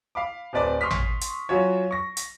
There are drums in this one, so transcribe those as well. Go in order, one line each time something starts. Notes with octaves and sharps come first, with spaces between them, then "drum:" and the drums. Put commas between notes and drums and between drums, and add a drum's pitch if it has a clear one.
F5 B5 D6
D1 C4 B4 D5 A5 D6
C6 C#6 D#6 F6 B6
drum: tom
drum: hi-hat
F#3 C#4 F4 F#4 C#5
C#6 A#6
drum: hi-hat